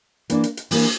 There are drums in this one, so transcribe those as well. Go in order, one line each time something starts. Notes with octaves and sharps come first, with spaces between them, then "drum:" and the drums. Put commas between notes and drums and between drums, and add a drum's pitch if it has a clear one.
E3 A#3 D4, drum: hi-hat
drum: hi-hat
drum: hi-hat
E3 A#3 D4, drum: open hi-hat